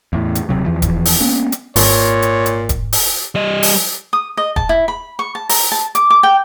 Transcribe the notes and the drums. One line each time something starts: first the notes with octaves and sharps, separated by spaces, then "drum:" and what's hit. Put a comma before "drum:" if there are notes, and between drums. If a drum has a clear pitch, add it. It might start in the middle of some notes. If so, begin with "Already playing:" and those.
E2 A2
drum: hi-hat
D#1 B1 C3 F#3
E2 E3 F3
drum: kick E1, hi-hat
drum: open hi-hat
A#3 B3 C#4
drum: hi-hat
G#1 A#2 C#5, drum: open hi-hat
drum: hi-hat
drum: hi-hat
drum: kick E1, hi-hat
drum: open hi-hat
G3 D#5
drum: open hi-hat
D#6
D#5
A5, drum: kick E1
E4
B5
C#6
A5
A#5, drum: open hi-hat
A5
D6, drum: hi-hat
D6
G5